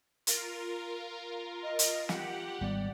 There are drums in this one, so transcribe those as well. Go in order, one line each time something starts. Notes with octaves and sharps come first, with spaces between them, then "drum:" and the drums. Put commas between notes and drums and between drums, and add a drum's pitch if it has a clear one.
F4 A#4, drum: hi-hat
D#5
drum: hi-hat
F4 G4 F#5, drum: snare
G#1 G3 B3 D5